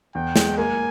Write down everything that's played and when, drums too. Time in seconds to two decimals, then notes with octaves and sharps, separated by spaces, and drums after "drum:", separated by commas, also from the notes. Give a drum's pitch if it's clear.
0.15 E2 G5
0.36 G#3, drum: snare
0.57 A#3 G#5